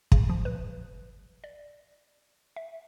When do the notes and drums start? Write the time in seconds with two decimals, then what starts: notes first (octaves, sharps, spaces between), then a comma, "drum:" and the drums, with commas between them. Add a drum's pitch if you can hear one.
0.12 C#3, drum: kick
0.30 F3
0.45 B4
1.44 D5
2.56 E5